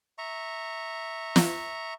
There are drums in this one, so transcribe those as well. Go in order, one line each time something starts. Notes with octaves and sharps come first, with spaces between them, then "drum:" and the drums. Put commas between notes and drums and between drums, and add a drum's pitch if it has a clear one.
E5 A#5 C#6
drum: snare